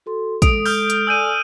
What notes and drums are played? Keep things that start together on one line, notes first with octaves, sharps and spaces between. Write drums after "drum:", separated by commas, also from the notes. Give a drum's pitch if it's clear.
F#4 A4 C6
G#3 A4 D#6 D7, drum: kick, hi-hat
D#6 F6 G6, drum: open hi-hat
drum: hi-hat
A4 D5 G#5 E6 G6 D#7